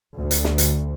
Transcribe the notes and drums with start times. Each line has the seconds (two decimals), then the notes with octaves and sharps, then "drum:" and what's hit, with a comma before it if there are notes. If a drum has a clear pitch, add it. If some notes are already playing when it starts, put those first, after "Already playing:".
0.17 D2
0.31 drum: hi-hat
0.44 drum: snare
0.58 drum: hi-hat